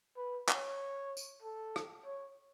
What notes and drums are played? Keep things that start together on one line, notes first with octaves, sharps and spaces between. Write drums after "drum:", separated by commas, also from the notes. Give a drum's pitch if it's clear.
B4
C#5, drum: clap
drum: tambourine
A4
drum: rim click
C#5